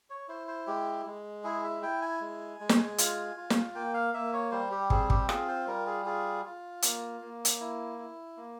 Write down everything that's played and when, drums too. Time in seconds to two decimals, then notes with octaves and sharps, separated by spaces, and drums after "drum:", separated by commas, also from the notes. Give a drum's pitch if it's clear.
0.10 C#5
0.28 E4 C5
0.48 C5
0.67 G#3 G4
1.06 G#3
1.44 E4 G#4
1.64 E5
1.83 E4 G5
2.02 G#5
2.21 G#3
2.60 G#3
2.69 drum: snare
2.98 F4, drum: hi-hat
3.37 F4
3.50 drum: snare
3.75 A#3 G5
3.94 F5
4.14 A#3 E5
4.33 C#5
4.52 G3 C5
4.71 G4
4.90 C4 G#4, drum: kick
5.10 G4, drum: kick
5.29 F4 G#4, drum: rim click
5.48 C5
5.67 G3 A#4
5.87 G#4
6.05 F4 G#4
6.45 F4
6.82 A#3, drum: hi-hat
7.21 A#3
7.45 drum: hi-hat
7.60 E4
7.98 E4
8.37 A#3